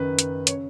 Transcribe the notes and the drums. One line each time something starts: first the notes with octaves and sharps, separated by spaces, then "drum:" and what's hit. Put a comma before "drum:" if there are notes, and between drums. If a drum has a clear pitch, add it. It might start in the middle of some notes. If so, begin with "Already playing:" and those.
Already playing: F#1 F#2 D#3 B4
drum: hi-hat
C#3 C#5, drum: hi-hat